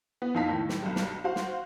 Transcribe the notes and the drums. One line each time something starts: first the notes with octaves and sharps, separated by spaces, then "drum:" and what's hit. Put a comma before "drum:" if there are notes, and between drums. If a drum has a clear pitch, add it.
B3
F2 A#2 D#4 F5 A5 B6
A2 D#3
drum: snare
B1 G2
drum: snare
F#4 C5 F5 F#5
drum: snare